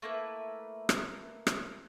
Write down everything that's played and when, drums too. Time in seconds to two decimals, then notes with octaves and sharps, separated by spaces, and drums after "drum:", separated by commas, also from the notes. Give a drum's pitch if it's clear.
0.02 A3 A#3 E4 B4
0.89 drum: rim click
1.47 drum: rim click